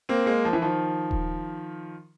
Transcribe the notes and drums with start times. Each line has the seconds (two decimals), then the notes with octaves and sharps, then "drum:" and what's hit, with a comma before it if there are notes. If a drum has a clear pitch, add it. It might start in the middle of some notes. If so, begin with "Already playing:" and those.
0.09 A#3 C4
0.26 G#3 A#3
0.45 F3
0.53 E3
0.62 D#3 F3
1.11 drum: kick D#1